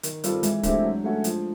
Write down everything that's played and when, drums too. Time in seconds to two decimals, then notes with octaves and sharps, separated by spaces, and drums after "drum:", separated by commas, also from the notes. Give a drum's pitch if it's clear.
0.03 D#3, drum: hi-hat
0.24 G3 C4 F4 A4, drum: hi-hat
0.43 E3 G#3, drum: hi-hat
0.63 A3 C4 D4 E4 G4, drum: kick C#1, hi-hat
0.84 F#3
1.04 A3 C#4 F#4 A4
1.24 F3, drum: hi-hat